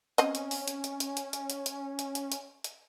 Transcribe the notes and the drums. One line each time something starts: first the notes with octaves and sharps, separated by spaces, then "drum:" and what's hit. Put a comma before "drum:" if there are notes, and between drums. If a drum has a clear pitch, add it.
C4 C#4 D#5, drum: hi-hat
drum: hi-hat
drum: open hi-hat
drum: hi-hat
drum: hi-hat
drum: hi-hat
drum: hi-hat
drum: hi-hat
drum: hi-hat
drum: hi-hat
drum: hi-hat
drum: hi-hat
drum: hi-hat
drum: hi-hat